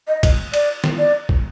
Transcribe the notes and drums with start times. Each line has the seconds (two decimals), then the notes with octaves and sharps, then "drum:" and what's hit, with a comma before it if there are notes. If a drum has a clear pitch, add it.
0.08 D#5
0.23 drum: kick, cymbal
0.54 D5, drum: cymbal
0.84 drum: snare
0.99 D5
1.29 drum: kick